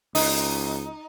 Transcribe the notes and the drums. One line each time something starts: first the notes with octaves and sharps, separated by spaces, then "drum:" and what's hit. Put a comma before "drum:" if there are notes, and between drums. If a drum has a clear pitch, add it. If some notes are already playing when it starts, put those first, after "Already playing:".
C#2 D#4, drum: open hi-hat